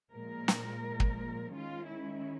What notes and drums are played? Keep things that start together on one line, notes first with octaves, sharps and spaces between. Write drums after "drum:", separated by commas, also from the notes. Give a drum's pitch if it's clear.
A#2 F3 G#3 A#4
drum: snare
drum: kick
D#3 G#3 C#4 F4
E4